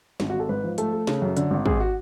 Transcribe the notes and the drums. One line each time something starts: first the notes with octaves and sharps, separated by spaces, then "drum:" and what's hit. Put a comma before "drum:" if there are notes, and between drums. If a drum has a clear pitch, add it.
G#1, drum: snare
F#4
G#2
A4
G#2 B4
F3
A3 A4, drum: hi-hat
A3
C#3, drum: snare
F#2
D3, drum: hi-hat
G#1
G#1 G#4, drum: kick
F#4